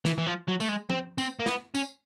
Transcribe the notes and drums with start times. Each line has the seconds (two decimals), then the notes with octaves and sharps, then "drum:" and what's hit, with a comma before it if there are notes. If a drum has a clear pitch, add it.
0.05 E3, drum: snare
0.18 E3
0.26 F3
0.48 F#3
0.60 A3, drum: tambourine
0.68 G#3
0.90 C4, drum: tom
1.18 C4, drum: tambourine
1.39 A#3
1.46 B3, drum: snare
1.75 C#4, drum: tambourine